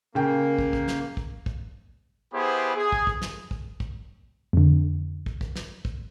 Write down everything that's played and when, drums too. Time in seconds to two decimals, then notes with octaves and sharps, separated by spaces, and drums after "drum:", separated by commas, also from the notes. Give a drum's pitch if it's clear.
0.15 C#3 A#3 G5
0.59 drum: kick
0.73 drum: kick
0.88 drum: snare
1.17 drum: kick
1.46 drum: kick
2.33 B3 E4 G4 G#4 C5 B5
2.75 G#4
2.92 drum: kick
3.07 drum: kick
3.22 drum: snare
3.51 drum: kick
3.80 drum: kick
4.53 F2 D3
5.26 drum: kick
5.41 drum: kick
5.56 drum: snare
5.85 drum: kick